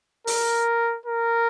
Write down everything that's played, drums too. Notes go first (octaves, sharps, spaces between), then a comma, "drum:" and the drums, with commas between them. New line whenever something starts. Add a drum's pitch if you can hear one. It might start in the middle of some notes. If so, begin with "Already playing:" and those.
A#4, drum: open hi-hat
A#4